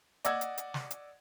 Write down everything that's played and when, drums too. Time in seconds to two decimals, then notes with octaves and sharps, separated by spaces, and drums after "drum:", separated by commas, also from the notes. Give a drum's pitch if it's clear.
0.25 D5 D#5 F#5 E6 G#6, drum: hi-hat
0.41 drum: hi-hat
0.58 drum: hi-hat
0.74 drum: snare
0.91 drum: hi-hat